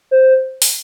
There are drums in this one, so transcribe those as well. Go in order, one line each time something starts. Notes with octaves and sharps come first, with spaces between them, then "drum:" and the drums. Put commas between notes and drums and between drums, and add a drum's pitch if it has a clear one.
C5
drum: open hi-hat